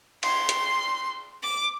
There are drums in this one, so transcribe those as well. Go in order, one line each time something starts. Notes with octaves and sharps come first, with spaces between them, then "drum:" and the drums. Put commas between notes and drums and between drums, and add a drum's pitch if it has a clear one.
C6, drum: cymbal
drum: hi-hat
D6